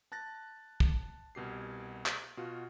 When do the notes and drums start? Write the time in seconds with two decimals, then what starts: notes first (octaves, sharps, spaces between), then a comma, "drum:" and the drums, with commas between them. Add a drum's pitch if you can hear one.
0.12 A5 F#6 A6 A#6
0.80 drum: kick
1.35 C2 B2 G4 C7
2.06 drum: clap
2.37 B2 F4 F#4